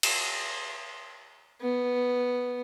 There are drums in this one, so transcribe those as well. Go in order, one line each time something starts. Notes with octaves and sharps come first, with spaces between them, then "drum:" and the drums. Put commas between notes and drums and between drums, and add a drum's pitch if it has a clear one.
drum: cymbal
B3